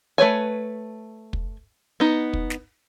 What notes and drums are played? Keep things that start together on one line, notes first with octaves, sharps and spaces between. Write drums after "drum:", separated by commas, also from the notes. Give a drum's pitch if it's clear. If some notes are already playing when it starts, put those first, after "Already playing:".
A3 B4 C#5 G#5
drum: kick
B3 D#4
drum: kick
drum: snare